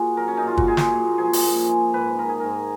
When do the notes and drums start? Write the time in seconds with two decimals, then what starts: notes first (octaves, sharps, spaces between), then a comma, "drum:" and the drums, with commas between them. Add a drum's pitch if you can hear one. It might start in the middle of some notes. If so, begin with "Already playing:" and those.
Already playing: A#2 F#4 G#4
0.17 F#3 A#4
0.27 C#4
0.37 D#4
0.43 A#2 F4
0.57 F#4, drum: kick
0.67 G#3 G#4
0.77 drum: snare
0.93 A#2
1.18 F3 G#4
1.33 drum: open hi-hat
1.43 A#2
1.69 G#3
1.94 G#2 B4
2.18 D#3 A#4
2.29 G#4
2.40 G#2 A#4